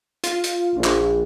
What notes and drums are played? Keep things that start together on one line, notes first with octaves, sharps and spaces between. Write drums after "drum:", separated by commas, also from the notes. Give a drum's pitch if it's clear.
F4, drum: hi-hat
drum: hi-hat
A#1
drum: clap